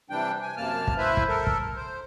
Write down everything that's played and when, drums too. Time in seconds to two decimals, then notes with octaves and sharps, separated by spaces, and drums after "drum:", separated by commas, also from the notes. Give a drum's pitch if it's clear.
0.10 C3 E3 G3 D4 G5
0.42 G#5
0.57 F#2 C3 A#3 A5 F6
0.87 drum: kick
0.98 E4 B4 C5 E5
1.17 drum: kick
1.28 A4 A#4
1.47 drum: kick
1.76 C5